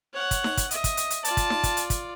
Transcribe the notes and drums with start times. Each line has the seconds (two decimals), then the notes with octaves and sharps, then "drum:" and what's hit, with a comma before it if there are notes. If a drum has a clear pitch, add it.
0.13 C#5 F#5
0.31 drum: kick, hi-hat
0.44 drum: snare D#4
0.57 drum: kick, hi-hat
0.71 D#5 E5, drum: hi-hat
0.84 drum: kick, hi-hat
0.97 drum: hi-hat
1.10 drum: hi-hat
1.25 F4 D5 A5, drum: hi-hat
1.37 drum: kick, hi-hat
1.50 drum: snare D#4
1.63 drum: kick, hi-hat
1.77 drum: hi-hat
1.90 drum: kick, hi-hat